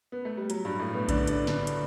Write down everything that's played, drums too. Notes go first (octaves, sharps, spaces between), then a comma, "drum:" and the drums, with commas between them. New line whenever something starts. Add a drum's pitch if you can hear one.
B3
A3
G3
F#3, drum: hi-hat
G2 G3
A2 A3
B2 B3
D3 D4, drum: kick B1, hi-hat
D3 D4, drum: hi-hat
D3 D4, drum: snare
drum: hi-hat